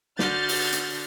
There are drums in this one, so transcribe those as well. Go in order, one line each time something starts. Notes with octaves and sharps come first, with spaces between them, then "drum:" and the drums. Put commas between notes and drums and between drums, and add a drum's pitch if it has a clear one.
D3 F#4 F6 G6 A6, drum: snare
drum: open hi-hat
drum: hi-hat